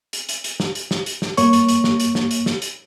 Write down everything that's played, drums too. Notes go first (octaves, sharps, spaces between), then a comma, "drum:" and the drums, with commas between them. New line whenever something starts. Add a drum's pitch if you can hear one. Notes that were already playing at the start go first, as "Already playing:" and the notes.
drum: hi-hat
drum: hi-hat
drum: hi-hat
drum: snare
drum: hi-hat
drum: snare
drum: hi-hat
drum: snare
G2 A#3 C#5 C#6, drum: hi-hat
drum: hi-hat
drum: hi-hat
drum: snare
drum: hi-hat
drum: snare
drum: hi-hat
drum: snare
drum: hi-hat